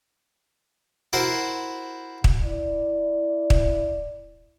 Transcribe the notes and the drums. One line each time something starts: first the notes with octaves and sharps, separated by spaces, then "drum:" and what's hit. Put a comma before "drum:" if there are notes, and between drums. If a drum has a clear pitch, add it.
E4 F#4 A#4 C5 C6
drum: kick
E4 D5
drum: kick